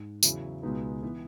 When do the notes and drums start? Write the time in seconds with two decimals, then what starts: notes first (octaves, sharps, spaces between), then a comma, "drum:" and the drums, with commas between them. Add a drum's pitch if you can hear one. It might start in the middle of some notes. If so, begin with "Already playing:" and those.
Already playing: G#2
0.23 E2 C#3 F#3 C#4 E4, drum: tambourine
0.63 C#2 B2 G#3 B3 D#4
1.02 E3 B3